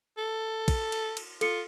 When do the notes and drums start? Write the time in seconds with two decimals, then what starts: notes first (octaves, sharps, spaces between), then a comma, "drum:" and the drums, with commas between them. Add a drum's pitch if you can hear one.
0.18 A4
0.68 drum: kick, cymbal
0.92 drum: cymbal
1.17 drum: cymbal
1.41 F4 A4 C#7, drum: cymbal